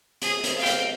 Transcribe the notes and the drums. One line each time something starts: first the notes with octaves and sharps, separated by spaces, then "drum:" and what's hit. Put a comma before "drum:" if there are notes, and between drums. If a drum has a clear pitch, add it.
G#4, drum: hi-hat
drum: hi-hat
F5 G5
drum: hi-hat